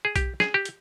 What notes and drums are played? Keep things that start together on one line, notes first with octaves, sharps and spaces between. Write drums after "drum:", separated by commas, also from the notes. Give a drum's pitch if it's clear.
G#4
G4, drum: kick B1, hi-hat
G#4, drum: snare
G4
drum: hi-hat